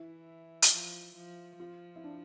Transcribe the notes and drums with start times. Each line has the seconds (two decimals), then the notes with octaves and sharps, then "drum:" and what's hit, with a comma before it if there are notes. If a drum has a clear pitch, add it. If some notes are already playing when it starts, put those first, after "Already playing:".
Already playing: E3 E4
0.62 drum: hi-hat
0.72 F3
1.16 F3
1.59 F3 F4
1.96 E4
2.04 D4